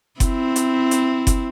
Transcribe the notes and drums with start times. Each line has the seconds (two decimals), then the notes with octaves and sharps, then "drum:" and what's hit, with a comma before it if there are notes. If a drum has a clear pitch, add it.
0.20 C4 E4, drum: kick F#1, hi-hat
0.56 drum: hi-hat
0.91 drum: hi-hat
1.27 drum: kick F#1, hi-hat